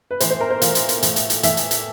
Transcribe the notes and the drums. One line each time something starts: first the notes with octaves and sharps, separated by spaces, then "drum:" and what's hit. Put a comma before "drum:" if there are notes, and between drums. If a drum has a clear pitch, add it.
B4
A2 E3 C5, drum: hi-hat
C5
A#4
C5
A2 E3 F5, drum: hi-hat
drum: hi-hat
drum: hi-hat
A2 E3, drum: hi-hat
drum: hi-hat
drum: hi-hat
A2 E3 E5, drum: hi-hat
drum: hi-hat
drum: hi-hat